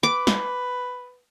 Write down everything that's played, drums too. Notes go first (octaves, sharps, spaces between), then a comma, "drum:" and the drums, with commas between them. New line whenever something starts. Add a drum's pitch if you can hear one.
B4 D6
drum: snare